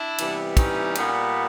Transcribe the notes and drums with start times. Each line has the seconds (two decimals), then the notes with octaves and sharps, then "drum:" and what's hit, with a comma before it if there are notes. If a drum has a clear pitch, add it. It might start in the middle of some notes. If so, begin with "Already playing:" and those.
Already playing: D4 E4
0.18 C3 E3 G3 B3, drum: cymbal
0.57 C#4 D#4, drum: kick, cymbal
0.95 A#2 G3 B3, drum: cymbal